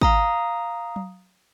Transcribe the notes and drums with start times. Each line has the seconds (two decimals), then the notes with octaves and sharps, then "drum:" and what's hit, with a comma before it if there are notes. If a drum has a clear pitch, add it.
0.01 F5 A#5 D#6, drum: kick
0.96 drum: tom F#3